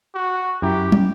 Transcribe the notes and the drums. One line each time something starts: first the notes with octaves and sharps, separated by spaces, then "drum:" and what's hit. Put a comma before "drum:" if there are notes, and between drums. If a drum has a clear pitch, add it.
F#4
F#2 E4 G4 A#5
drum: tom